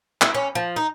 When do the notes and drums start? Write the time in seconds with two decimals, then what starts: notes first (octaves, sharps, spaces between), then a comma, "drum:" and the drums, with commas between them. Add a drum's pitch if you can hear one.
0.22 E4, drum: clap
0.35 C#4
0.55 F3
0.76 D#4